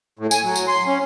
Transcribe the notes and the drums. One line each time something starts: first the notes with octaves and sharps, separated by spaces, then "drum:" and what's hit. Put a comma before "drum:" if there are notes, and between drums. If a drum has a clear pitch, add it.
A2
G#5, drum: tambourine
F#3
drum: tambourine
C6
C#4